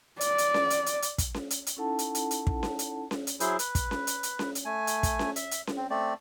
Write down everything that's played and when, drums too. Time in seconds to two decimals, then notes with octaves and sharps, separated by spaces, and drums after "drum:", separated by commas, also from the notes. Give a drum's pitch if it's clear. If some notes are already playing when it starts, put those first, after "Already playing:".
0.21 D5, drum: hi-hat
0.38 drum: hi-hat
0.54 drum: snare C#4
0.70 drum: hi-hat
0.86 drum: hi-hat
1.02 drum: hi-hat
1.18 drum: kick, hi-hat
1.34 drum: snare C#4
1.50 drum: hi-hat
1.67 drum: hi-hat
1.77 C#4 D#4 E4 A4 F#5 A5
1.99 drum: hi-hat
2.15 drum: hi-hat
2.31 drum: hi-hat
2.47 drum: kick
2.63 drum: snare C#4
2.79 drum: hi-hat
3.11 drum: snare C#4
3.27 drum: hi-hat
3.40 F#3 E4 G#4 C5, drum: hi-hat
3.59 B4, drum: hi-hat
3.75 drum: kick, hi-hat
3.91 drum: snare C#4
4.07 drum: hi-hat
4.23 drum: hi-hat
4.39 drum: snare C#4
4.55 drum: hi-hat
4.65 A3 G#5
4.87 drum: hi-hat
5.03 drum: kick, hi-hat
5.19 drum: snare C#4
5.36 E5, drum: hi-hat
5.51 drum: hi-hat
5.67 drum: snare C#4
5.77 C4
5.90 A3 C4 D5